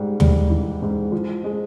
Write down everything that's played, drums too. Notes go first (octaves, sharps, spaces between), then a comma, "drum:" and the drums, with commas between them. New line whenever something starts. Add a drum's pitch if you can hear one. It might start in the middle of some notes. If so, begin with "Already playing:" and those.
Already playing: G#2 G3
G3, drum: tom
E3
G#2
F3
G#3